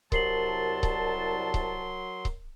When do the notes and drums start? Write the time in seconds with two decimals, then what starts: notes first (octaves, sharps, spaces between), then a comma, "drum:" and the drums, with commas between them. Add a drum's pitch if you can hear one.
0.12 C2 F#3 A#4 A5 C6 C7 F#7, drum: kick C#1
0.83 drum: kick C#1
1.54 drum: kick C#1
2.25 drum: kick C#1